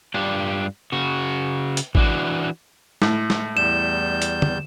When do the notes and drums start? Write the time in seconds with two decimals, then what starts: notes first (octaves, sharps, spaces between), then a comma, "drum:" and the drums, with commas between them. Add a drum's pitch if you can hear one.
0.14 G2 D4 F4 G4
0.92 C#3 F#4
1.77 drum: hi-hat
1.95 E3 D4 F#4, drum: kick A1
3.02 A2, drum: snare
3.30 drum: snare
3.57 E2 G3 G6 E7
4.22 drum: hi-hat
4.42 drum: tom